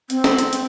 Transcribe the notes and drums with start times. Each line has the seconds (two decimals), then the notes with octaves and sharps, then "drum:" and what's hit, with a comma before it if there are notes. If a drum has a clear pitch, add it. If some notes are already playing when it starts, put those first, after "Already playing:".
0.10 C4, drum: hi-hat
0.24 drum: snare
0.38 drum: hi-hat
0.53 drum: hi-hat